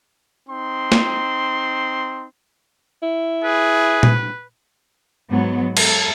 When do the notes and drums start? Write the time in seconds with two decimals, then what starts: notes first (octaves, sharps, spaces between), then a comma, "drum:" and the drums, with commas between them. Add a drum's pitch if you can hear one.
0.49 C4 D#4 C6
0.92 drum: snare
3.03 E4
3.44 G#4 B4
4.03 drum: tom A#2
5.30 G#2 F#3 B3
5.77 A4, drum: cymbal